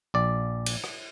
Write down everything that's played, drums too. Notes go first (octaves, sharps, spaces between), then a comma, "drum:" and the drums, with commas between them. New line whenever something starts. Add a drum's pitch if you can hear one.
A#1 D5
drum: cymbal
drum: rim click